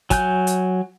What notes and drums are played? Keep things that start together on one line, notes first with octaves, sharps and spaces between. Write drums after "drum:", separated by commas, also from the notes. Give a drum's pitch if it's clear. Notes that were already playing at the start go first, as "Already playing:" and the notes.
F#3 G#5 F#6 G6, drum: kick, hi-hat
drum: hi-hat